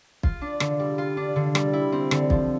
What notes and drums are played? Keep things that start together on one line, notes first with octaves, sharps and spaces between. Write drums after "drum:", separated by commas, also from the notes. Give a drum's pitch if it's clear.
F4, drum: kick
D4
D3, drum: rim click
G3
F4
D4
D3
G3, drum: rim click
E4
C4
D3, drum: rim click
F3, drum: kick